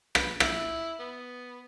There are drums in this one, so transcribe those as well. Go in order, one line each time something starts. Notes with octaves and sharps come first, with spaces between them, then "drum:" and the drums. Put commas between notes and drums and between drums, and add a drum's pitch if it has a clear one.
B4, drum: rim click
E4, drum: rim click
B3